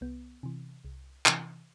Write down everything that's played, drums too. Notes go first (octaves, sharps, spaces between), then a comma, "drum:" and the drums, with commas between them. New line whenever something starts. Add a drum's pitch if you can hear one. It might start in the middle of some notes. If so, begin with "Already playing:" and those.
C2 B3
C3 E3
C2
C3 E3, drum: clap